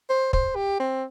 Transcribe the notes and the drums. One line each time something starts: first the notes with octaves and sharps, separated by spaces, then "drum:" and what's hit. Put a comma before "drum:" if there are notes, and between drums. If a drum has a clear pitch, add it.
C5
C5, drum: kick
G4
C4